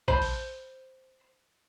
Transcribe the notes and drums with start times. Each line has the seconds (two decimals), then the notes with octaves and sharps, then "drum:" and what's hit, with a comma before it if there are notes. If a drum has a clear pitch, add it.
0.08 C5 A5 B5, drum: kick
0.22 drum: open hi-hat